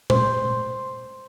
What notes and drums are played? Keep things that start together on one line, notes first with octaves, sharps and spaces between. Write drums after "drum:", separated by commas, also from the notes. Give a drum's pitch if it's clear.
C5, drum: tom A#2